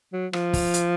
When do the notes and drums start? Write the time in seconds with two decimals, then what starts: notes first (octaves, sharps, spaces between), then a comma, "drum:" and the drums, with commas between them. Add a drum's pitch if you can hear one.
0.13 F#3
0.33 F3, drum: rim click
0.53 drum: kick, open hi-hat
0.74 drum: hi-hat